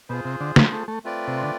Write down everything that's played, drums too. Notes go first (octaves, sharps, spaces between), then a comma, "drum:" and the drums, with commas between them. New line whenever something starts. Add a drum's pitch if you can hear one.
B2 F4 G#4 C5
C3
D3
F3, drum: snare
A3
A3
A3 C4 F4 B4 D5
C3
D3